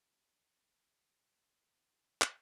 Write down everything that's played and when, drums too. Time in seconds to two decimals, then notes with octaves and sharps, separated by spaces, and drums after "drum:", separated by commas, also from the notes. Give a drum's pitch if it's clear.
0.03 D3 G3 B3 F#4
0.86 D3 G3 D4 F#4
1.69 C3 E3 A3 D4 F#4
2.22 drum: clap